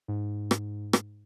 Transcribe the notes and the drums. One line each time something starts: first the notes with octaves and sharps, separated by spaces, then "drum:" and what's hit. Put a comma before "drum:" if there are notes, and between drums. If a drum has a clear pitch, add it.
G#2
drum: rim click
drum: rim click